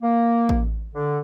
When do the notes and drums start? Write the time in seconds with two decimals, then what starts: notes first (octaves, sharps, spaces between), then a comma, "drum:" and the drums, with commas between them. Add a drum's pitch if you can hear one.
0.01 A#3
0.49 drum: kick A1
0.94 D3